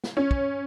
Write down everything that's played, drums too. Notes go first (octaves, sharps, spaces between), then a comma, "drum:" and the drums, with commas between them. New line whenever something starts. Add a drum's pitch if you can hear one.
drum: snare
C#4
drum: kick